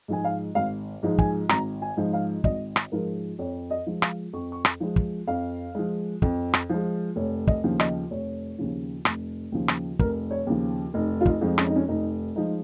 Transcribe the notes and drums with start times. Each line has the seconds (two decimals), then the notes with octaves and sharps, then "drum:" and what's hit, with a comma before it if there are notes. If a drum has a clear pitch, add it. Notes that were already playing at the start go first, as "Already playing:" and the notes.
0.08 G#2 F3 G#3 G#5
0.25 F5
0.55 G#1 F5
1.03 G#2 F3 G#3
1.18 G#5, drum: kick
1.49 G#1 A#5, drum: rim click
1.82 G#5
1.97 G#2 F3 G#3
2.13 F5
2.44 G#1 D#5, drum: kick
2.76 drum: rim click
2.92 G#2 F3 G#3 A#4
3.39 F2 C#5
3.70 D#5
3.87 F3 G#3
4.02 F5, drum: rim click
4.33 F2 C#6
4.52 C#6
4.65 drum: rim click
4.80 F3 G#3
4.96 drum: kick
5.27 F2 F5
5.75 F3 G#3
6.22 F2, drum: kick
6.54 drum: rim click
6.70 F3 G#3
7.16 F1 C#5
7.47 D#5, drum: kick
7.64 D#2 C#3 F3
7.80 D#5, drum: rim click
8.11 F1 C#5
8.58 D#2 C#3 F3
9.05 F1, drum: rim click
9.52 D#2 C#3 F3
9.68 drum: rim click
9.99 F1 A#4, drum: kick
10.31 C#5
10.47 D#2 C#3 F3
10.94 F1 D#4
11.21 F4
11.26 D#4, drum: kick
11.41 F2 F3 G#3
11.58 C#4, drum: rim click
11.66 D#4
11.76 C#4
11.89 F1 D#4
12.36 F3 G#3 D#4